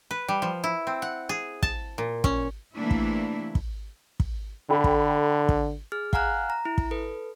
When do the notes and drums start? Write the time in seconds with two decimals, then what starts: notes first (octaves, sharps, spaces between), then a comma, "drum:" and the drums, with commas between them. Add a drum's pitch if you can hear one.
0.11 B4
0.29 G3
0.42 F3
0.64 E4
0.87 C4
1.02 F#5
1.29 G#4
1.63 A5, drum: kick
1.98 A#2
2.24 C#4, drum: kick
2.76 C3 E3 A3 A#3 D4 E4
2.91 drum: kick
3.55 drum: kick
4.20 drum: kick
4.70 D3 A4 G5 B5
4.84 drum: kick
5.49 drum: kick
5.92 G#4 F6
6.13 F5 F#5 G#5 A#5 F6 F#6, drum: kick
6.50 A#5
6.65 E4
6.78 drum: kick
6.91 A4 B4